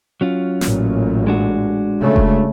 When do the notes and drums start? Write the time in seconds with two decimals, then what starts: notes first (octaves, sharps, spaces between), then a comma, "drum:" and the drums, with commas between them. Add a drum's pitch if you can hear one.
0.21 F#3 C#4 F4
0.61 A1 A#2, drum: snare
1.27 G#3 D4 F#4
2.00 C#3 A3
2.16 drum: kick F1